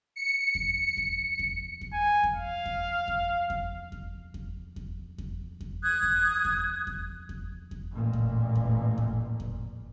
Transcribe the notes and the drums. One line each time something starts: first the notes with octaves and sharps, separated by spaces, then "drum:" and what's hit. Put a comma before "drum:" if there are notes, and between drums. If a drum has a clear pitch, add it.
C#7
drum: kick E2
drum: kick E2
drum: kick E2
drum: kick E2
G#5
drum: kick E2
F5
drum: kick E2
drum: kick E2
drum: kick E2
drum: kick E2
drum: kick E2
drum: kick E2
drum: kick E2
drum: kick E2
D#6 F#6 G#6
drum: kick E2
drum: kick E2
drum: kick E2
drum: kick E2
drum: kick E2
A1 A#2
drum: kick E2
drum: kick E2
drum: kick E2
drum: kick E2